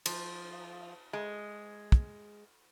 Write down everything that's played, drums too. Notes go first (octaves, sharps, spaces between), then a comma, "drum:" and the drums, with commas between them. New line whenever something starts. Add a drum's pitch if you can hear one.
F3, drum: cymbal
G#3
drum: kick